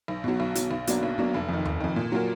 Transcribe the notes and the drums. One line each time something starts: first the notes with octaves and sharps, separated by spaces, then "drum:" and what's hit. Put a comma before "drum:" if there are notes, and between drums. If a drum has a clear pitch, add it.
B1
B2 F#3
B1
B2 F#3, drum: hi-hat
B1
B2 F#3 A#3 D4, drum: hi-hat
B1
B2 F#3 A#3 D4
F1
F2 D#3
F1, drum: tom D#2
F2 D#3
A#2
F#3 A#3 F4 A#4